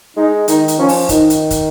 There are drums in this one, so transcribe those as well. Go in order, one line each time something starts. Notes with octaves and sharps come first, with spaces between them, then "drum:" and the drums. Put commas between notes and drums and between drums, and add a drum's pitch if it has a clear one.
G#3 D#4
D#3 D#4, drum: hi-hat
drum: hi-hat
F3 C#4
drum: open hi-hat
D#3 D#4, drum: kick, hi-hat
drum: hi-hat
drum: kick, hi-hat